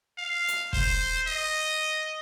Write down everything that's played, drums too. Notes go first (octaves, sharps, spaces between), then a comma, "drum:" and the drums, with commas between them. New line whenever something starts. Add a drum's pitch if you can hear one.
F5
drum: hi-hat
C5, drum: kick
D#5